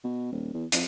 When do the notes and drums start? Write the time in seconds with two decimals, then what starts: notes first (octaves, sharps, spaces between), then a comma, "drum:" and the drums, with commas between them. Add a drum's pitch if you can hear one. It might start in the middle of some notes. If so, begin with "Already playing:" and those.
0.04 B2
0.32 D#1
0.54 E2
0.72 F2, drum: hi-hat